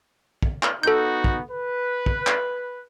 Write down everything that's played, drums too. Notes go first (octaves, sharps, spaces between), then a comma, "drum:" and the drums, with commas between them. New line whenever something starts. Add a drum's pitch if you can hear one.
drum: kick
drum: clap
B3 D#4 F#4 A4 G6
drum: kick
B4
drum: kick
drum: clap